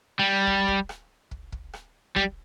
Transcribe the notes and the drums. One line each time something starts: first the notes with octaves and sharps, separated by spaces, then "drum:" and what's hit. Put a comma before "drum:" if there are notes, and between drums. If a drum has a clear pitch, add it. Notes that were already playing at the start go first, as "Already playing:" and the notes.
G3
drum: kick
drum: kick
drum: rim click
drum: kick
drum: kick
drum: rim click
G3, drum: kick